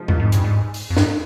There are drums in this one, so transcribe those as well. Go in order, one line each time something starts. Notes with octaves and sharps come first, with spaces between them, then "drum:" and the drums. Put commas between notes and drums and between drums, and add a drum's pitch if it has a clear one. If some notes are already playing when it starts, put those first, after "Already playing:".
Already playing: C3 F3 G#3 D#4
A#2, drum: tom E2
G#2
G2, drum: hi-hat
G#2
drum: open hi-hat
F2
G2, drum: snare